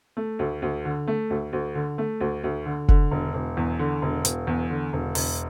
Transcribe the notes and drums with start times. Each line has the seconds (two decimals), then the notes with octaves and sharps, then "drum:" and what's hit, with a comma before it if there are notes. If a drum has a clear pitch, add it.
0.17 A3
0.39 D2
0.62 D2
0.85 D3
1.07 A3
1.30 D2
1.53 D2
1.75 D3
1.98 A3
2.21 D2
2.44 D2
2.66 D3
2.88 D3, drum: kick F1
3.11 E1
3.34 E1
3.57 E2
3.79 D3
4.02 E1
4.25 E1, drum: hi-hat
4.47 E2
4.70 D3
4.93 E1
5.15 E1, drum: open hi-hat